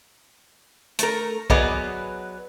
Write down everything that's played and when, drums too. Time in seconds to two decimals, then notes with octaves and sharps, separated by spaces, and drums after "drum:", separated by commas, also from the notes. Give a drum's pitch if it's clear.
0.99 A3 A#4, drum: hi-hat
1.50 F#3 B3 G#4 B4 D5 D#5, drum: kick B1